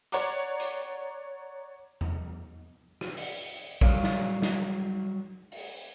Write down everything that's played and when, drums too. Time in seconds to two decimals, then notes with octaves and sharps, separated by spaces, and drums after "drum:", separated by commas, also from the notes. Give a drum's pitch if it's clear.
0.12 C#5 D5 F#5 A#5 D6, drum: hi-hat
0.60 drum: hi-hat
2.01 drum: tom E2
3.01 drum: rim click
3.17 drum: open hi-hat
3.81 F#3 G3 C#5 D5 F5, drum: kick A#1
4.04 drum: snare
4.42 drum: snare
5.52 drum: open hi-hat